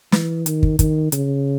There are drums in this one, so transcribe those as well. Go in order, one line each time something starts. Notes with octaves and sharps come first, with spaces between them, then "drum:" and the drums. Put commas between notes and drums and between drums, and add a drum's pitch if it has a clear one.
E3, drum: snare
D#3, drum: hi-hat
drum: kick
D#3, drum: kick, hi-hat
C#3, drum: hi-hat